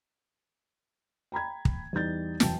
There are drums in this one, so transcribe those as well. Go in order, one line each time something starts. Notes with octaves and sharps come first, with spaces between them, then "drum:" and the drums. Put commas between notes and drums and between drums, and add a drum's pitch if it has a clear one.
G5 A#5 B5 G#6
drum: kick
E2 G3 D#4 G6 A6
E1 F#3 G5 A5, drum: snare